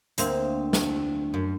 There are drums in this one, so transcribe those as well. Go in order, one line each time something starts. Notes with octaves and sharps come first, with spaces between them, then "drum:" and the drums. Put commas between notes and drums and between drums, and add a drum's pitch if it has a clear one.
D2 A#3 C4, drum: hi-hat
drum: snare
F#2